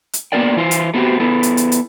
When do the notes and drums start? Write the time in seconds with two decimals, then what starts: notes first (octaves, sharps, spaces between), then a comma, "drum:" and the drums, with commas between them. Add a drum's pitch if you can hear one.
0.13 drum: hi-hat
0.32 A#3 B3 D4 A#4 D5 G5
0.57 E3 E4 F4 C5
0.71 drum: hi-hat
0.94 A3 B3 C4 F#4 G4
1.20 B3 E4 A4
1.43 drum: hi-hat
1.57 drum: hi-hat
1.72 drum: hi-hat